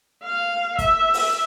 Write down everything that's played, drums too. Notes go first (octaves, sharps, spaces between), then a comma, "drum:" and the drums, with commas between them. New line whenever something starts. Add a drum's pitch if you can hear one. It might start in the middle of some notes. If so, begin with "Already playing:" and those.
F5
E5, drum: kick, hi-hat
drum: open hi-hat